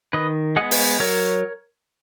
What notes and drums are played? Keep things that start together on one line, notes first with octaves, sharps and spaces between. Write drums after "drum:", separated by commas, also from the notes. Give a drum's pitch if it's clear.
D#3 B4 D#5
G#3 B3 D#5 F#5
drum: open hi-hat
F#3 A#4 C#5